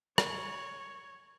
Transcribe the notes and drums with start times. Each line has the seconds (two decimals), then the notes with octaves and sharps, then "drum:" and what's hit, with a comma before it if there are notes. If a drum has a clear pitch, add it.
0.18 C#5, drum: rim click